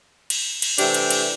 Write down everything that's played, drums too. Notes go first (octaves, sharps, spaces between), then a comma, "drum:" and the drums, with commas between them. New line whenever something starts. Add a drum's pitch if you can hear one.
drum: cymbal
drum: cymbal
C3 E3 A3 D4 G4, drum: cymbal
drum: cymbal
drum: cymbal